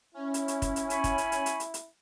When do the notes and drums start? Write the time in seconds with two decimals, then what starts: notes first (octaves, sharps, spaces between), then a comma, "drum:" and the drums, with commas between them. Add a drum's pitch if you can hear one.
0.14 C#4 E4
0.34 drum: hi-hat
0.48 drum: hi-hat
0.62 drum: kick, hi-hat
0.76 drum: hi-hat
0.90 G#5 B5 C#6, drum: hi-hat
1.04 drum: kick, hi-hat
1.18 drum: hi-hat
1.32 drum: hi-hat
1.46 drum: hi-hat
1.60 drum: hi-hat
1.74 drum: hi-hat